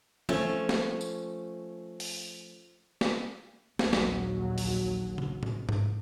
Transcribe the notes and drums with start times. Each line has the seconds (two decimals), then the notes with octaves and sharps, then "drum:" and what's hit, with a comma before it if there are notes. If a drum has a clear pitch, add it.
0.29 F3 A3 C#4, drum: tom E3
0.69 drum: snare
1.01 drum: tambourine
2.00 drum: open hi-hat
3.01 drum: snare
3.79 A#1 D#2 F#3, drum: snare
3.93 drum: snare
4.58 drum: open hi-hat
5.18 drum: tom C#3
5.43 drum: tom A2
5.69 drum: tom G#2